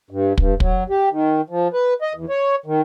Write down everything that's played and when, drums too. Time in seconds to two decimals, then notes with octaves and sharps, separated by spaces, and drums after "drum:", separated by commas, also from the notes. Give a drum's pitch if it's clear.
0.10 G2
0.38 G2, drum: kick
0.60 F#3, drum: kick
0.90 G4
1.11 D#3
1.50 F3
1.73 B4
2.02 D#5
2.15 E2
2.29 C#5
2.66 D#3